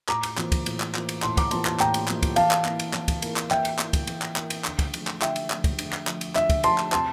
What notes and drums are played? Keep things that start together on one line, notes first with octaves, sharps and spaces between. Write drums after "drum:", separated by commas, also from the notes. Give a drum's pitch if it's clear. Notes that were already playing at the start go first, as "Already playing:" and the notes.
A2 A#5 D6, drum: clap
drum: cymbal
E3 A#3 F4 C5, drum: clap
drum: kick, cymbal
A2, drum: cymbal
drum: clap
E3 A#3 F4 C5, drum: clap
drum: cymbal
A2 A5 C6, drum: clap
A#5 D6, drum: kick, cymbal
E3 A#3 F4 C5 A5 C6, drum: cymbal
A5 C6, drum: clap
A2 G5 A#5, drum: clap
drum: cymbal
E3 A#3 F4 C5, drum: clap
drum: kick, cymbal
E3 F5 A5, drum: cymbal
drum: clap
A#3 E4 A#4, drum: clap
drum: cymbal
E3, drum: clap
drum: kick, cymbal
A#3 E4 A#4, drum: cymbal
drum: clap
E3 E5 G5, drum: clap
drum: cymbal
A#3 E4 A#4, drum: clap
drum: kick, cymbal
E3, drum: cymbal
drum: clap
A#3 E4 A#4, drum: clap
drum: cymbal
D3, drum: clap
drum: kick, cymbal
F3 A3, drum: cymbal
drum: clap
D3 E5 G5, drum: clap
drum: cymbal
F3 A3, drum: clap
drum: kick, cymbal
D3, drum: cymbal
drum: clap
F3 A3, drum: clap
drum: cymbal
D3 E5, drum: clap
drum: kick, cymbal
F3 A3 A5 C6, drum: cymbal
drum: clap
C3 A5 C6, drum: clap